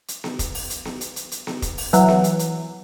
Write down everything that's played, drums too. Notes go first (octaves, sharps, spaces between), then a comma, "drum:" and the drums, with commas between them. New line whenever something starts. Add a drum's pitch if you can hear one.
drum: hi-hat
drum: snare B3
drum: kick F1, hi-hat
drum: open hi-hat
drum: hi-hat
drum: snare B3
drum: hi-hat
drum: hi-hat
drum: hi-hat
drum: snare B3
drum: kick F1, hi-hat
drum: open hi-hat
E3 F#3, drum: hi-hat
drum: snare B3
drum: hi-hat
drum: hi-hat